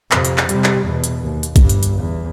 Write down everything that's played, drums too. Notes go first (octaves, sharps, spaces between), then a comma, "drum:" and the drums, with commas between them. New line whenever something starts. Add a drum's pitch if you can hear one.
F2 C3, drum: clap
drum: hi-hat
drum: clap
C3 G3, drum: hi-hat
drum: clap
E2 B2
drum: hi-hat
D#2
drum: hi-hat
G1 G2, drum: kick A#1, hi-hat
drum: hi-hat
drum: hi-hat
E2